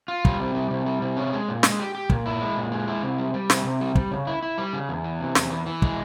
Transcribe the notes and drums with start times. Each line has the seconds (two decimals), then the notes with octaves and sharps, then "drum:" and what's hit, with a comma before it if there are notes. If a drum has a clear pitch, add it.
0.08 F4
0.25 G3, drum: kick
0.40 C3
0.55 G3
0.71 C3
0.86 G3
1.02 C3
1.17 C#4
1.33 G#3
1.48 A#2
1.63 G#3, drum: snare
1.79 G4
1.95 G4
2.10 A#2, drum: kick
2.26 E4
2.41 G#3
2.57 A#2
2.72 G#3
2.88 E4
3.03 C3
3.19 G3
3.34 G3
3.50 C3, drum: snare
3.65 C3
3.81 G3
3.95 G3, drum: kick
4.11 C#3
4.27 E4
4.43 E4
4.58 G3
4.73 C#3
4.89 E2
5.04 E3
5.20 C3
5.35 E2, drum: snare
5.51 E3
5.67 E3
5.82 G#3, drum: kick